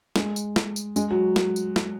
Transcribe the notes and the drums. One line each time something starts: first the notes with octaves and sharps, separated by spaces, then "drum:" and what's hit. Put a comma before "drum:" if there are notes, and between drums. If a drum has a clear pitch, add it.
G#3, drum: snare
drum: tambourine
drum: snare
drum: tambourine
G#3, drum: tambourine
F#3
drum: snare
drum: tambourine
drum: snare